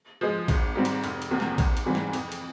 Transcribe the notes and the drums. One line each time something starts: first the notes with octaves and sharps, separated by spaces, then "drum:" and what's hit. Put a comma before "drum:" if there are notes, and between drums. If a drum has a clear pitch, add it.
F3 G#3
G#1, drum: kick, cymbal
G#2 G3 C4
drum: cymbal
F1, drum: cymbal
drum: cymbal
E2 C3 F3 A#3
drum: snare
G#1, drum: kick, cymbal
drum: cymbal
G#2 E3 G3 C4
drum: snare
F2, drum: cymbal
drum: cymbal